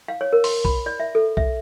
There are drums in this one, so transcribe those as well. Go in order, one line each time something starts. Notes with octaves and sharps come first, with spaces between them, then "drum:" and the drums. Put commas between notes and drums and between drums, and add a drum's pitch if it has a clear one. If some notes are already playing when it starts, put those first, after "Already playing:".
F5
C#5
A#4
C6, drum: open hi-hat
B5, drum: kick B1
D5
E5
A4
E5, drum: kick B1